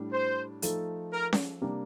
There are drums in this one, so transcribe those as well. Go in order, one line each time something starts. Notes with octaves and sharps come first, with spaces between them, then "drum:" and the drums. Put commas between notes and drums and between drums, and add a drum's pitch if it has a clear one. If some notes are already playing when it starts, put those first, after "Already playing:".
Already playing: A2 G3 D4
C5
F3 A3 D#4 A4, drum: hi-hat
A#4
drum: snare C#4
C3 G3 A#3 D4